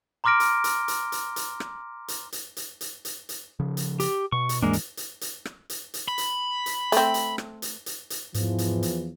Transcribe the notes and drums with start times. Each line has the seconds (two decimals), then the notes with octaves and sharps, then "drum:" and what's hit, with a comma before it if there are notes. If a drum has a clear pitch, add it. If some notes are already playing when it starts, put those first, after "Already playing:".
0.24 A#5 C6 D6 F6 A#6 D7
0.40 drum: hi-hat
0.64 drum: hi-hat
0.88 drum: hi-hat
1.12 drum: hi-hat
1.36 drum: hi-hat
1.60 drum: rim click
2.08 drum: hi-hat
2.32 drum: hi-hat
2.57 drum: hi-hat
2.81 drum: hi-hat
3.05 drum: hi-hat
3.29 drum: hi-hat
3.60 C#3 F3
3.77 drum: hi-hat
4.00 G4, drum: hi-hat
4.32 B2 C#6
4.49 drum: hi-hat
4.63 D#2 G#2 E3 G#3 A#3 D4
4.73 drum: hi-hat
4.97 drum: hi-hat
5.21 drum: hi-hat
5.45 drum: rim click
5.70 drum: hi-hat
5.94 drum: hi-hat
6.08 B5
6.18 drum: hi-hat
6.66 drum: hi-hat
6.92 A3 C4, drum: hi-hat
7.14 drum: hi-hat
7.38 drum: rim click
7.62 drum: hi-hat
7.86 drum: hi-hat
8.10 drum: hi-hat
8.34 E2 G#2 E3 F3, drum: hi-hat
8.58 drum: hi-hat
8.83 drum: hi-hat